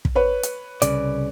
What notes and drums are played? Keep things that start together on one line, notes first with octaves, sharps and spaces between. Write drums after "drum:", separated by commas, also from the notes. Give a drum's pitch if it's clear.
drum: kick
B4 C#5
drum: hi-hat
C2 C#3 D5, drum: hi-hat